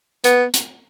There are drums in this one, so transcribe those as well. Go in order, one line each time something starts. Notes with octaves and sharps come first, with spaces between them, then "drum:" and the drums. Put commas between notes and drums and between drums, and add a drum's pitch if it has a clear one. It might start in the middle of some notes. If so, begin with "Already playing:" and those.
B3, drum: hi-hat
drum: hi-hat